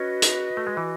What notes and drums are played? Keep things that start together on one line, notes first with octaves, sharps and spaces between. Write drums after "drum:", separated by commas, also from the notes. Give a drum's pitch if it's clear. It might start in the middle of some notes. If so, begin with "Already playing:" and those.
Already playing: C#4 F#4 B4 D#5
drum: hi-hat
A3
G#3
E3